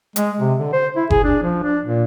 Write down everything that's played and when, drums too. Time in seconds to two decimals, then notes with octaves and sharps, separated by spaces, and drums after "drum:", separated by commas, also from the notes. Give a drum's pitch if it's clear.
0.16 G#3, drum: hi-hat
0.40 C3
0.59 D3
0.73 C5
0.96 E4
1.10 G#4, drum: kick F#1
1.24 D4
1.43 F3
1.64 D4
1.85 A#2